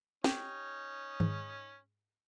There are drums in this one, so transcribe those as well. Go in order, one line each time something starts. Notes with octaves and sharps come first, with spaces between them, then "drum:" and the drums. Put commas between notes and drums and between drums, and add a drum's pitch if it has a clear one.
C#4 D#4 G4, drum: snare
G#2, drum: tom D#3